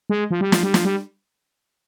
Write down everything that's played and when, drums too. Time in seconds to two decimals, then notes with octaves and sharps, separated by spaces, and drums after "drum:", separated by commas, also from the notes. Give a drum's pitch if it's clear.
0.10 G#3
0.31 F3
0.41 G3
0.52 F3, drum: snare
0.63 G3
0.74 F3, drum: snare
0.85 G3